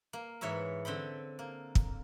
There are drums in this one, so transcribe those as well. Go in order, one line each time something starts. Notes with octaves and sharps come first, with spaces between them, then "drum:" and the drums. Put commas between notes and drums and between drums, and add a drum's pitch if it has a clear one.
A#3
G#2 E3 C#5 E5 B5
D3 C4 G5 B5
A#3
drum: kick